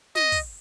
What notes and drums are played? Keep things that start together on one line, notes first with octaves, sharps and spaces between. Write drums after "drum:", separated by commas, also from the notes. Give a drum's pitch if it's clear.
D#5, drum: snare
drum: kick, open hi-hat